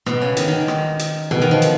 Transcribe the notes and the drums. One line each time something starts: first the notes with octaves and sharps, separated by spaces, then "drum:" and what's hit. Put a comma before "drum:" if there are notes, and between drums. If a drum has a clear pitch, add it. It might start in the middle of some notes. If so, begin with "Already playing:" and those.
B2, drum: rim click
C#3
D#3, drum: hi-hat
D#3
drum: rim click
drum: hi-hat
B2, drum: tom
D#3
F3
drum: hi-hat